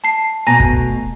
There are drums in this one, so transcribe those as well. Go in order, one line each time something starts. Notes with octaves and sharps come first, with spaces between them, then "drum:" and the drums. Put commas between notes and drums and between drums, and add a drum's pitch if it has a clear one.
A5 C7
B2 A3 G#5 A#5 A#6
drum: kick